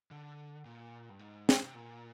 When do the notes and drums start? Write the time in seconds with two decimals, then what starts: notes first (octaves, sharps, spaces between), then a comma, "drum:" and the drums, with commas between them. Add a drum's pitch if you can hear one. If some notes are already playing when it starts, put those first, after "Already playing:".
0.11 D3
0.65 A#2
1.09 G2
1.19 G#2
1.49 drum: snare
1.64 C3
1.74 A#2